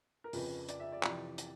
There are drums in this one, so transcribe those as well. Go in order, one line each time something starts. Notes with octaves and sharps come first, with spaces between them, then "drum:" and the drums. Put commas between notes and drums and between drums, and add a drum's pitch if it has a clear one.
A#4
F2 C#3 F3 B4, drum: open hi-hat
D5, drum: hi-hat
E5
D5
F2 C3 E3 D5, drum: clap
drum: hi-hat